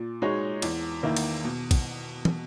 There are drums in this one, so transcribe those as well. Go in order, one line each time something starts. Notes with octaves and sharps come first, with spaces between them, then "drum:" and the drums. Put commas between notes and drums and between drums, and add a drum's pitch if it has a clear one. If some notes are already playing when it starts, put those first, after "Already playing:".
Already playing: A#2
G#3 D#4 F#4 C#5
E2, drum: cymbal
D#3 A#3 E4
drum: cymbal
B2
drum: kick, cymbal
drum: tom